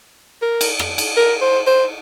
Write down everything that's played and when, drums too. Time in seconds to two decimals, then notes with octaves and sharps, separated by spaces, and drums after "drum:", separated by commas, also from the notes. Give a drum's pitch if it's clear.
0.42 A#4
0.61 drum: cymbal
0.79 drum: rim click
0.98 drum: cymbal
1.17 A#4
1.41 C5
1.67 C5